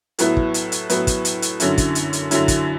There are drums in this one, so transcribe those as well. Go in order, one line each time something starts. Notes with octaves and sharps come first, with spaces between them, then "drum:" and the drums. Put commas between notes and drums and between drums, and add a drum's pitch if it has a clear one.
A2 F#3 B3 E4, drum: hi-hat
drum: kick
drum: hi-hat
drum: hi-hat
A2 F#3 B3 E4, drum: hi-hat
drum: kick, hi-hat
drum: hi-hat
drum: hi-hat
F#2 D3 F#3 C#4 E4, drum: hi-hat
drum: kick, hi-hat
drum: hi-hat
drum: hi-hat
F#2 D3 F#3 C#4 E4, drum: hi-hat
drum: kick, hi-hat